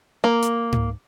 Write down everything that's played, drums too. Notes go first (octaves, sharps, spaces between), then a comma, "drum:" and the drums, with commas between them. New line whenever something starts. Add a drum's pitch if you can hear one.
A#3
drum: hi-hat
drum: tom G#2